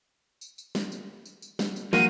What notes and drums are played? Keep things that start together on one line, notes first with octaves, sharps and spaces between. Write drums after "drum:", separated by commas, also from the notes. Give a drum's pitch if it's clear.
drum: tambourine
drum: tambourine
drum: snare
drum: tambourine
drum: tambourine
drum: tambourine
drum: snare
drum: tambourine
F3 A#3 F#4 D#7, drum: snare